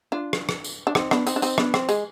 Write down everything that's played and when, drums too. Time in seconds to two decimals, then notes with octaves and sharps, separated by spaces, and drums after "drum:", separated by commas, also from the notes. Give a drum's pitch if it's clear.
0.12 D4 F4
0.33 drum: rim click
0.49 drum: rim click
0.64 drum: tambourine
0.87 D4
0.95 C4 D#4, drum: rim click
1.11 B3 D4, drum: rim click
1.27 C4 D#4, drum: tambourine
1.36 D4
1.42 C4 D#4, drum: tambourine
1.58 B3 D4, drum: rim click
1.74 C4, drum: rim click
1.89 G#3, drum: tambourine